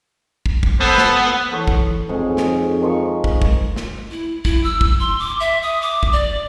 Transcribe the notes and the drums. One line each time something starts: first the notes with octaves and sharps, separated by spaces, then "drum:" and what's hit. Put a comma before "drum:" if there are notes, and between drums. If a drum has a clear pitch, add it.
drum: kick
drum: kick
B3 A4 C5 B5
drum: snare
E3 A4 C#5
drum: kick
F2 G#2 G#4
drum: snare
D#3 F3 C#6
drum: kick
drum: kick
drum: snare
E4
E4, drum: kick
E6
drum: kick
C6
D6
E5
D#6
D6
drum: kick
D5